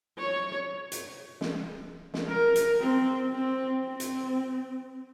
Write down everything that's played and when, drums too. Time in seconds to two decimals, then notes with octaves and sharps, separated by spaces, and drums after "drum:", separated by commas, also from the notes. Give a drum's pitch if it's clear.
0.18 C#5
0.92 drum: hi-hat
1.41 drum: snare
2.14 drum: snare
2.28 A#4
2.56 drum: hi-hat
2.80 C4
3.32 C4
3.85 C4
4.00 drum: hi-hat